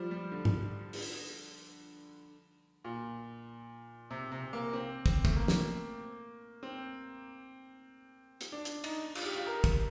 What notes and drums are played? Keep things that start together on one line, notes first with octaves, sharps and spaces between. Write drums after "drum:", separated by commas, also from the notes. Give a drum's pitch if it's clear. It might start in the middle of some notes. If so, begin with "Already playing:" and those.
Already playing: F3 G3
G3
D3
drum: tom G#2
drum: open hi-hat
A#2
C3
C3
A#3
C4
C4, drum: kick
A3, drum: kick
A#3
drum: snare
C4
drum: hi-hat
D4
drum: hi-hat
D#4, drum: cymbal
F4, drum: cymbal
G4
F4
A#4
drum: kick